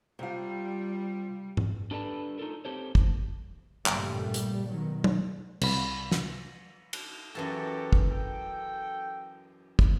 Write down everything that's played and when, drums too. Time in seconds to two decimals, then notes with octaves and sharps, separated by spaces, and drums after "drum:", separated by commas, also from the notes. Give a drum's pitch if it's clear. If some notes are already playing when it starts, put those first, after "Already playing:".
0.19 C3 G3 F4
1.57 drum: tom G#2
1.91 D4 G4 A4 B4 D5 A5
2.38 D#4 F4 A4 A#4
2.65 C4 G4 A4 C5 C#5
2.95 drum: kick
3.86 A1 G2 A#2 C#3 G3 A3, drum: clap
4.34 drum: hi-hat
4.69 B2 D#3 F#3
5.04 drum: tom
5.61 C2 B5, drum: cymbal
6.12 drum: snare
6.93 drum: cymbal
7.35 F#2 E3 F#4 G4 A4 A5
7.93 drum: kick
8.11 A4 G5
9.79 drum: kick